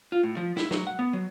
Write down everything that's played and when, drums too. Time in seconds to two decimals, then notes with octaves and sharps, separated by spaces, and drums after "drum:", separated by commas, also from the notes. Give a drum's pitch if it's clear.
0.12 F4
0.23 A2
0.37 F3
0.57 E4, drum: snare
0.71 F#3, drum: snare
0.87 F#5
0.99 B3
1.13 F#3